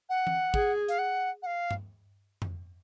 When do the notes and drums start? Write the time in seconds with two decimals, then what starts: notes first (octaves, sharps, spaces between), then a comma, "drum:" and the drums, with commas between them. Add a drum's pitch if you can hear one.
0.09 F#5
0.27 drum: tom E3
0.54 G#4, drum: kick
0.88 F5, drum: hi-hat
0.98 F#5
1.42 F#5
1.46 F5
1.71 drum: tom G2
2.42 drum: tom F2